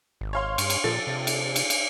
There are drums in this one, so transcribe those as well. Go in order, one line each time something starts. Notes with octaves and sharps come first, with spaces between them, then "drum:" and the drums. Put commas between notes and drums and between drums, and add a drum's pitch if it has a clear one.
G#1
C#5 F5 C6
G2, drum: cymbal
drum: cymbal
A#2 F3 A4 A6
C3
drum: cymbal
drum: cymbal
drum: cymbal